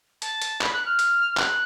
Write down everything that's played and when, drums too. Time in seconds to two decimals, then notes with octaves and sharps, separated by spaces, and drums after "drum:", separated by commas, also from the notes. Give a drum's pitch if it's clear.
0.22 A5, drum: hi-hat
0.42 drum: hi-hat
0.61 B5, drum: clap
0.73 F#6
0.86 F6
0.99 drum: hi-hat
1.37 F#6, drum: clap